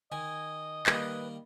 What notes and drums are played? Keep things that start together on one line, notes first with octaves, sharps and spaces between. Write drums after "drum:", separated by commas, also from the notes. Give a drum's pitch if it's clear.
D#3 D#5 G#5
D#3 G3 A#3 B4, drum: clap